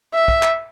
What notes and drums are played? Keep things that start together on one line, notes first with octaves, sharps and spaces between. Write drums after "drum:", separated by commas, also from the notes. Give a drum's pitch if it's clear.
E5
drum: kick
drum: clap